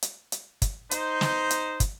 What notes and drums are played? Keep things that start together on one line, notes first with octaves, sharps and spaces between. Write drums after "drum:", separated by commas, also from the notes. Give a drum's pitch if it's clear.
drum: hi-hat
drum: hi-hat
drum: kick, hi-hat
D#4 C5, drum: hi-hat
drum: snare
drum: hi-hat
drum: kick, hi-hat